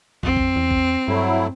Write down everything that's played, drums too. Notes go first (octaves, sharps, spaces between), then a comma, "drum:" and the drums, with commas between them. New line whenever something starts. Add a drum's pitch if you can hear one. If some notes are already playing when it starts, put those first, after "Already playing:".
F2 C4, drum: kick
drum: kick
E2
drum: kick
G2 F#3 A3 E4